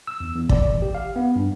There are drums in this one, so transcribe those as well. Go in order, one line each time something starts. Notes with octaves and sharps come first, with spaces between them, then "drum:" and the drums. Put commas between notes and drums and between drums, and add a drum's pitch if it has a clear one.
E6
E2
E2
D5, drum: kick
A1
G4
F5
B3
G2